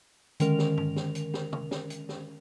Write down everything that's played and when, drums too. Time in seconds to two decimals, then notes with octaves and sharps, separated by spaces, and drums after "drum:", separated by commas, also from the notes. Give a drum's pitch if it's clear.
0.40 D3 D#3 G#3 C#4 A#4 F7, drum: hi-hat
0.59 drum: snare
0.77 drum: tom G2
0.96 drum: snare
1.15 drum: hi-hat
1.34 drum: snare
1.53 drum: tom
1.71 drum: snare
1.90 drum: hi-hat
2.09 drum: snare